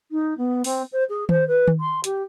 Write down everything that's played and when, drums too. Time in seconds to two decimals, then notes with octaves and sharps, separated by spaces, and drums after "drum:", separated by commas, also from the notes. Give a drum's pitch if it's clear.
0.11 D#4
0.37 B3
0.64 C4, drum: open hi-hat
0.92 C5
1.09 G#4
1.29 C5, drum: tom D#3
1.48 B4
1.68 drum: tom D#3
1.80 C6
2.04 G4, drum: hi-hat